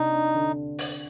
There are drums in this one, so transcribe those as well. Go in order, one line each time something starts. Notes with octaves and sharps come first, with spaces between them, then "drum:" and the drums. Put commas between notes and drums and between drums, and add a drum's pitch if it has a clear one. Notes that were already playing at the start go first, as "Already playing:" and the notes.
Already playing: C3 D4 D#4
D4
D3
drum: open hi-hat